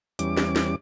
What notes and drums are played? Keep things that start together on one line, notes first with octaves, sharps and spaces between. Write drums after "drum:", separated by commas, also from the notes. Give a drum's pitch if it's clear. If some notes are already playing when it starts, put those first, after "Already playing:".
E2 G3 C#4 D6, drum: hi-hat
drum: snare
drum: snare